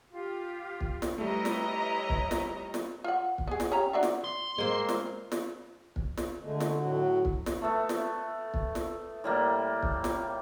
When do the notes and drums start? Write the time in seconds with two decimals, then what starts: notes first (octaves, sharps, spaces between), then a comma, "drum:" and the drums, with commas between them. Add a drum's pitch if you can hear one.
0.11 F4 G4
0.81 drum: kick
1.02 drum: snare
1.18 G3 A3 E4 B4 C#5 D#5 A#5
1.45 drum: snare
2.09 drum: kick
2.31 drum: snare
2.74 drum: snare
3.04 F4 F#5
3.38 drum: kick
3.48 B3 G#4
3.60 drum: snare
3.72 C#4 G4 A#5
3.93 D4 E4 F#4
4.03 drum: snare
4.24 C6
4.58 G#3 A#3 C4
4.89 drum: snare
5.32 drum: snare
5.96 drum: kick
6.17 drum: snare
6.42 D3 G#3 A3
6.60 drum: snare
6.77 A2 F#3 F#4
7.25 drum: kick
7.46 drum: snare
7.62 A3 B3 E5
7.89 drum: snare
8.54 drum: kick
8.75 drum: snare
9.24 A2 G3 A#3
9.83 drum: kick
10.04 drum: snare